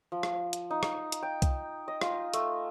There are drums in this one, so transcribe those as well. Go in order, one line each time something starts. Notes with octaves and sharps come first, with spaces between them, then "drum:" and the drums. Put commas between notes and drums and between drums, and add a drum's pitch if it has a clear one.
F3
drum: rim click
drum: hi-hat
D#4
drum: rim click
drum: hi-hat
G5
drum: kick C2, hi-hat
D#5
F4, drum: rim click
A3, drum: hi-hat